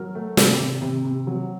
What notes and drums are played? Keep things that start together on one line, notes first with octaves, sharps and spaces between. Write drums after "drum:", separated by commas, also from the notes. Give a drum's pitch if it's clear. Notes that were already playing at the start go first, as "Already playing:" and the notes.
Already playing: F#3 A#4
A3
C3, drum: snare
C3
C3
C3
F#3